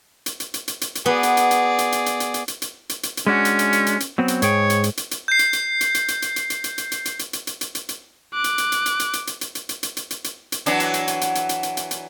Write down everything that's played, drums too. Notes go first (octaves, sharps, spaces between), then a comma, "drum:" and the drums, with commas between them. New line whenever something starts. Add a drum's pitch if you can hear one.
drum: hi-hat
drum: hi-hat
drum: hi-hat
drum: hi-hat
drum: hi-hat
drum: hi-hat
B3 F#4 G#4 D5
drum: hi-hat
drum: hi-hat
drum: hi-hat
drum: hi-hat
drum: hi-hat
drum: hi-hat
drum: hi-hat
drum: hi-hat
drum: hi-hat
drum: hi-hat
drum: hi-hat
drum: hi-hat
drum: hi-hat
G#3 C#4 D4 F#4
drum: hi-hat
drum: hi-hat
drum: hi-hat
drum: hi-hat
drum: hi-hat
F#3 B3 C4
drum: hi-hat
G#2 G#4 C#5 G5, drum: hi-hat
drum: hi-hat
drum: hi-hat
drum: hi-hat
drum: hi-hat
G6 C7
drum: hi-hat
drum: hi-hat
drum: hi-hat
drum: hi-hat
drum: hi-hat
drum: hi-hat
drum: hi-hat
drum: hi-hat
drum: hi-hat
drum: hi-hat
drum: hi-hat
drum: hi-hat
drum: hi-hat
drum: hi-hat
drum: hi-hat
drum: hi-hat
drum: hi-hat
drum: hi-hat
D6 F#6
drum: hi-hat
drum: hi-hat
drum: hi-hat
drum: hi-hat
drum: hi-hat
drum: hi-hat
drum: hi-hat
drum: hi-hat
drum: hi-hat
drum: hi-hat
drum: hi-hat
drum: hi-hat
drum: hi-hat
drum: hi-hat
drum: hi-hat
E3 F#3 D4, drum: hi-hat
drum: hi-hat
drum: hi-hat
drum: hi-hat
drum: hi-hat
drum: hi-hat
drum: hi-hat
drum: hi-hat
drum: hi-hat
drum: hi-hat